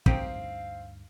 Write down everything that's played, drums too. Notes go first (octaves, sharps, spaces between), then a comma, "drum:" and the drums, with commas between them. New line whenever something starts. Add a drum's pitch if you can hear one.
D2 G2 A#3 C4 D#4 G4 F5, drum: kick